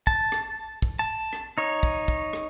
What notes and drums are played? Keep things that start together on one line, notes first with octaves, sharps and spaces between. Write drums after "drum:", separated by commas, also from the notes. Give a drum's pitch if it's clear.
A5, drum: kick
drum: rim click
drum: kick
A5
drum: rim click
D#4 C#5
drum: kick
drum: kick
drum: rim click